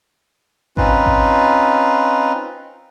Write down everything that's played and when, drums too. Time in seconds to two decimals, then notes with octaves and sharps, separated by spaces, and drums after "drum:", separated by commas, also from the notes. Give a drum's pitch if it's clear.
0.77 C4 C#4 D#4 F4 B4, drum: kick A1
1.06 drum: kick A1